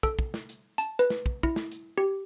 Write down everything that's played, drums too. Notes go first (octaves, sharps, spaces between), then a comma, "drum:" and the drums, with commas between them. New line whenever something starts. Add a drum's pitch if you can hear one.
A4, drum: kick
drum: kick
drum: snare
drum: hi-hat
A5, drum: hi-hat
B4
drum: snare
drum: kick
E4, drum: kick
drum: snare
drum: hi-hat
G4